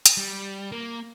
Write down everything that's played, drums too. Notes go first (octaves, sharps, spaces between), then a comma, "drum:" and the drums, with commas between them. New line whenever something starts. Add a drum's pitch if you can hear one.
drum: hi-hat
G3
A#3